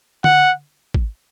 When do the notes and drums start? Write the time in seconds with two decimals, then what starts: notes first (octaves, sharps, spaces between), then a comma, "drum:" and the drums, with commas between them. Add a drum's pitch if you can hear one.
0.24 F#5, drum: tom D3
0.94 drum: kick